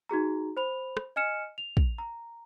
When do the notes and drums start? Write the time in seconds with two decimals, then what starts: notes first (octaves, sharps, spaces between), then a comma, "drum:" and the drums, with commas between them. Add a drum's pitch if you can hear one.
0.09 D#4 F#4 G#4 A#5
0.57 C5 B5 F7
0.97 drum: rim click
1.16 D#5 G#5 F6 C#7 E7
1.58 F7
1.77 drum: kick
1.98 A#5